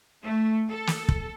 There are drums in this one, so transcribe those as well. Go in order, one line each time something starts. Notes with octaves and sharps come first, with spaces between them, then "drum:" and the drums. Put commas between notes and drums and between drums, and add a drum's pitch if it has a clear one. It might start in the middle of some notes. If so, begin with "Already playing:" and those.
A3
A4
drum: snare
drum: kick